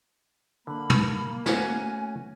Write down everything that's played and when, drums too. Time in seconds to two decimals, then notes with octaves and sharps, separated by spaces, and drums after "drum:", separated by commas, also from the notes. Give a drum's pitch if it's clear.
0.67 D3 A#3 B5
0.90 drum: tom
1.46 A3 C#4 F#4 C#5 G#5, drum: snare